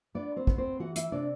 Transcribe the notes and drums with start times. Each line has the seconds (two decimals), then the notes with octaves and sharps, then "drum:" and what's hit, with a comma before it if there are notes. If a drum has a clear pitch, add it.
0.14 B3 D4 D5
0.36 C4 C5
0.47 B3, drum: kick
0.58 C4 C5
0.80 E3 F#4 F#5
0.96 E4 E5, drum: hi-hat
1.12 C3 D4 D5